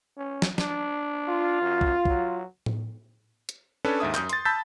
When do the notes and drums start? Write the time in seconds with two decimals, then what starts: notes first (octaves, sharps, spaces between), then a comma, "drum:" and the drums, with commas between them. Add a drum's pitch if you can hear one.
0.17 C#4
0.42 drum: snare
0.58 D4, drum: snare
1.29 F4
1.61 F#2
1.81 drum: kick
2.05 F#3, drum: kick
2.66 drum: tom A2
3.49 drum: hi-hat
3.85 C#4 D4 A4 B4 C#5
4.00 D#2 G#2 E5 D#6
4.15 F#2 D#6 G6, drum: clap
4.29 C6 A6, drum: hi-hat
4.45 A5 B5 E6 G6 A6 B6